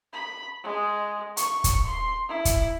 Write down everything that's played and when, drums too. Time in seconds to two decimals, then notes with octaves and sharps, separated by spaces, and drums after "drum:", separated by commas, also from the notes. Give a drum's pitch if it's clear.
0.13 B5
0.64 G#3
1.37 C#6, drum: hi-hat
1.64 drum: kick, hi-hat
1.86 C6
2.28 E4
2.45 drum: kick, hi-hat